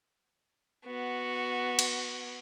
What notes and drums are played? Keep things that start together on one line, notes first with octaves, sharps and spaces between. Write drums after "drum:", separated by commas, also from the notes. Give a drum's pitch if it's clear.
B3 F#4
drum: cymbal